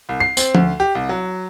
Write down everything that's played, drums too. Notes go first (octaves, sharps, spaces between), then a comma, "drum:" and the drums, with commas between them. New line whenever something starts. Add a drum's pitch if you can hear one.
C2
C7
C4, drum: tambourine
D2, drum: tom F3
G4
C2
F#3